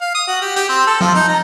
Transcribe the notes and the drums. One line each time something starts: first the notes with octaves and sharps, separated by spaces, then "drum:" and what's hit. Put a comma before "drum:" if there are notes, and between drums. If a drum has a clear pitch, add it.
F5
D#6
F#4
G4
G4, drum: hi-hat
C4
A4
F3, drum: tom F3
D#4
A#5